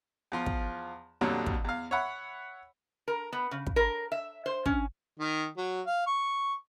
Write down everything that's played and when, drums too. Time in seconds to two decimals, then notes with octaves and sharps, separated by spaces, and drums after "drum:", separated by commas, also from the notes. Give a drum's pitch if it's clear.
0.32 E2 F3 C6
0.46 drum: kick
1.21 F2 A#2 D3 F#3 G3
1.46 drum: kick
1.65 E2 F5
1.91 C#5 E5 F#5 B5
3.08 A#4
3.33 B3
3.51 C#3
3.67 drum: kick
3.76 A#4
4.12 E5
4.46 C5
4.66 C#4, drum: kick
5.19 D#3
5.57 F#3
5.86 F5
6.07 C#6